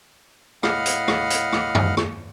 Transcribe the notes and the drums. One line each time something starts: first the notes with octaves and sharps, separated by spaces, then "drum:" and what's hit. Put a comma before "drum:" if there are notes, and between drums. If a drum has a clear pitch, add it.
A2 D#5 F5 F#5 B5 F6, drum: rim click
drum: hi-hat
drum: rim click
drum: hi-hat
drum: rim click
drum: tom F#2
drum: rim click